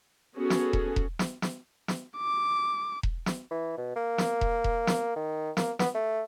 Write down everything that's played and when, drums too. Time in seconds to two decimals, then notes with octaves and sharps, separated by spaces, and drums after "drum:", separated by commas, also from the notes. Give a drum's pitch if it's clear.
0.35 B3 C#4 F#4 G#4 A4
0.50 drum: snare
0.73 drum: kick E1
0.96 drum: kick E1
1.19 drum: snare
1.42 drum: snare
1.88 drum: snare
2.18 D6
3.03 drum: kick E1
3.26 drum: snare
3.50 E3
3.77 B2
3.96 A#3
4.18 drum: snare
4.41 drum: kick E1
4.64 drum: kick E1
4.87 drum: snare
5.16 D#3
5.57 A#3, drum: snare
5.79 B3, drum: snare
5.95 A3